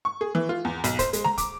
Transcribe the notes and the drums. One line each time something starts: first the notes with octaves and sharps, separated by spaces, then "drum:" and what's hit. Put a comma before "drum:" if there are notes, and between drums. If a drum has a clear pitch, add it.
C#6
G#4
E3
F4
E2
B1, drum: hi-hat
C5, drum: kick, hi-hat
G#3, drum: hi-hat
A#5, drum: snare
D6, drum: kick, hi-hat